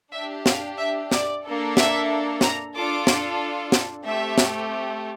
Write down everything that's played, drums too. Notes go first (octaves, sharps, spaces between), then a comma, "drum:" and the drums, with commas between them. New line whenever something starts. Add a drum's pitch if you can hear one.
D4 G4 E5
F5, drum: snare
E5
D5, drum: snare
A#3 D4 A4
E5, drum: snare
A#5, drum: snare
D4 F4 A4 D6
drum: snare
drum: snare
A3 C4 G4 E5
drum: snare